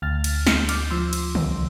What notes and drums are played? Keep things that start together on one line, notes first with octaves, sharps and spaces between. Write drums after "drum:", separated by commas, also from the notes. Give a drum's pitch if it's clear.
D2 F6 A6
drum: cymbal
D2 F6, drum: snare
G6
D6 F6, drum: cymbal
F3 C6 E6
drum: cymbal
C2, drum: tom D3